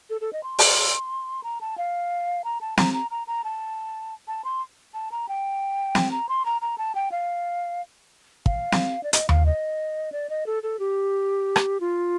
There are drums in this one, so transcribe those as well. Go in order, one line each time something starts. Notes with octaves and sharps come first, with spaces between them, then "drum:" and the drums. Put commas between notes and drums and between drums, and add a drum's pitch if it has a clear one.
A4
A4
D#5
C6
drum: open hi-hat
A#5
A5
F5
A#5
A5
A#5, drum: snare
A#5
A#5
A#5
A5
A5
C6
A5
A#5
G5
drum: snare
A#5
C6
A#5
A#5
A5
G5
F5
F5, drum: kick
drum: snare
D5
D#5, drum: hi-hat
F5, drum: tom D#2
D#5
D5
D#5
A4
A4
G4
drum: rim click
F4